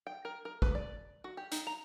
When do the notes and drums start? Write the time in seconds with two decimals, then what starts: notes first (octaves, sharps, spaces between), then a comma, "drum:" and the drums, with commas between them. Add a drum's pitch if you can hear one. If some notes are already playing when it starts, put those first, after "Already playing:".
0.07 G5
0.25 A#4
0.45 A#4
0.62 B4, drum: kick
0.75 D5
1.24 F#4
1.37 G4
1.52 D#4, drum: hi-hat
1.67 A#5